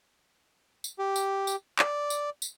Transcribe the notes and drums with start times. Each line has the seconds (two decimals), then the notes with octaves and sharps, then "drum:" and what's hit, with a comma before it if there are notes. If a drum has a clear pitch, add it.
0.84 drum: tambourine
0.99 G4
1.16 drum: tambourine
1.47 drum: tambourine
1.79 D5, drum: clap
2.10 drum: tambourine
2.42 drum: tambourine